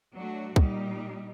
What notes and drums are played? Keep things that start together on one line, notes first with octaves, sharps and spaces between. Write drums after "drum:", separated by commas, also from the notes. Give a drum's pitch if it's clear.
F#3 A3 D4 F#4
A#2 G3 D#4, drum: kick